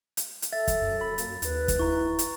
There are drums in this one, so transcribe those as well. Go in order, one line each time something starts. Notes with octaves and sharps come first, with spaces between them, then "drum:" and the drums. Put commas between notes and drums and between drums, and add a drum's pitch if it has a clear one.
drum: hi-hat
drum: hi-hat
A4 E5 A6
drum: kick, hi-hat
F#2
B5
A#3, drum: hi-hat
D#2 B4, drum: hi-hat
drum: kick, hi-hat
E4 A#5 C#6
drum: hi-hat